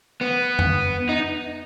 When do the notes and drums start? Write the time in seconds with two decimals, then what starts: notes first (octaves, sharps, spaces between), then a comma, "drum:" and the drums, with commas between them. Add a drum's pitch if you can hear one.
0.21 B3
0.59 drum: tom F2
1.09 D#4